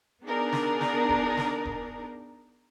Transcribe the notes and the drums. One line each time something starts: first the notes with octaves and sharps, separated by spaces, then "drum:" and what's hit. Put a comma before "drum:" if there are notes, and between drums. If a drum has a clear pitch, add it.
B3 D4 D#4 G#4 A#4 D5
drum: snare
drum: snare
drum: kick E1
drum: snare
drum: kick E1